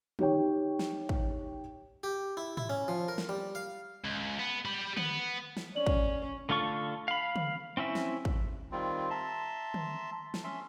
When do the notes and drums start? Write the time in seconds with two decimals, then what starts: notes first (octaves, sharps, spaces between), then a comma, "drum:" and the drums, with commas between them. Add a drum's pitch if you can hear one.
0.19 D#4 G4 C#5 G5, drum: tom D3
0.79 drum: snare
1.09 drum: kick
2.03 G4
2.37 E4
2.57 E4, drum: tom G#2
2.70 C#4
2.88 F3
3.08 A#4
3.18 drum: snare
3.29 G3
3.55 F5
4.05 C#2
4.40 B3
4.65 G4 B5
4.97 B3, drum: tom D3
5.57 drum: snare
5.75 C#4 D5 F#7
5.86 drum: kick
6.49 D3 A3 F4 A4 C#6
7.08 F5 B5
7.36 drum: tom
7.77 C4 C#4 E4 E5
7.95 drum: snare
8.25 drum: kick
8.72 D#3 G3 C4 F4
9.10 E5 A5 A#5 C6
9.74 drum: tom D3
10.34 drum: snare
10.44 C#4 E5 C6